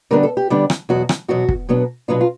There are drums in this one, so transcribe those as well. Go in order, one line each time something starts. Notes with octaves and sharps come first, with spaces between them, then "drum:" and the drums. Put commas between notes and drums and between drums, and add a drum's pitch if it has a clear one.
D3 G3 B3 D4 A#4
A4
G4
D3 G3 B3 D4
drum: rim click
E2 B2 F#3 F#4
drum: rim click
E2 B2 F#3 F#4
drum: kick
B2 F#3 B3 D4
B2 F#3 B3 D4 F4
F4